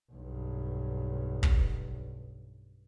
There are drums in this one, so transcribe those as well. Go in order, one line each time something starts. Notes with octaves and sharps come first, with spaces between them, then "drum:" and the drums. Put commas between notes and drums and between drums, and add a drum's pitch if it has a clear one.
B1 G2
drum: kick